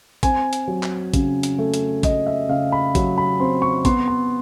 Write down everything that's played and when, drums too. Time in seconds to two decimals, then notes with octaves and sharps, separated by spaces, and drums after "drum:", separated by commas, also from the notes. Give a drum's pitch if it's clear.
0.23 C4 G#5, drum: kick A1, hi-hat
0.53 drum: hi-hat
0.68 F#3
0.83 drum: clap
1.14 C#3, drum: kick A1, hi-hat
1.43 drum: hi-hat
1.59 A3
1.74 drum: hi-hat
2.03 A3 D#5, drum: kick A1, hi-hat
2.26 E5
2.49 C#3 F5
2.72 B5
2.95 F#3, drum: kick A1, hi-hat
3.18 B5
3.40 C4 C6
3.62 C#6
3.85 B3 C6, drum: kick A1, hi-hat
4.08 C6